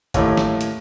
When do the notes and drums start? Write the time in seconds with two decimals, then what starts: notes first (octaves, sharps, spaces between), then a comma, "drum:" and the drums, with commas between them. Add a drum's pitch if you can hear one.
0.14 D#2 A2, drum: kick G#1, hi-hat
0.37 drum: snare
0.61 drum: hi-hat